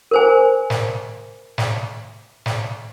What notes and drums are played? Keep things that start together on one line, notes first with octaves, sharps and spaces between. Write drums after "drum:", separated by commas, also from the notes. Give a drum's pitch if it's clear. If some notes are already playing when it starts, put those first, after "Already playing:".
A#4 C5 G#5
drum: snare
drum: snare
drum: snare